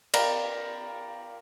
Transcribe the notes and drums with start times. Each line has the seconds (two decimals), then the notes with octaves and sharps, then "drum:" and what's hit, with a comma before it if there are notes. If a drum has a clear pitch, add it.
0.14 A#4 D5 F5 G5 A#5 B5, drum: cymbal